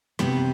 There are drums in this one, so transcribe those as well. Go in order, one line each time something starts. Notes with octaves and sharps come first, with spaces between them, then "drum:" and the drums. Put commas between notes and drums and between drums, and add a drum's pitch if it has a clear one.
C3 G3 B3, drum: snare